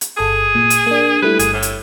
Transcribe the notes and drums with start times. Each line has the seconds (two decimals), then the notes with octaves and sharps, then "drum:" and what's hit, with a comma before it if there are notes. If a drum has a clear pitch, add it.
0.01 drum: hi-hat
0.17 G1 G#4 A4 D#6
0.55 A#2
0.70 drum: hi-hat
0.86 A#3 D4
1.22 G3 A3 E4 B4
1.39 G1 G#4, drum: hi-hat
1.53 A2
1.62 drum: hi-hat